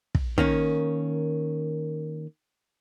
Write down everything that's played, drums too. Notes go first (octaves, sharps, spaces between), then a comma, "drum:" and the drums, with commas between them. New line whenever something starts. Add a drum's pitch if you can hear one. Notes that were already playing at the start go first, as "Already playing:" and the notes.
drum: kick
D#3 A#3 C#4, drum: kick